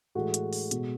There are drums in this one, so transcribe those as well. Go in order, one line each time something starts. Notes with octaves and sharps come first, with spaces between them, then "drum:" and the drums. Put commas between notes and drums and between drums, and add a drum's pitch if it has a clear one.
A2 E3 G#3 F#4 A4
drum: hi-hat
drum: open hi-hat
B2 G#3, drum: hi-hat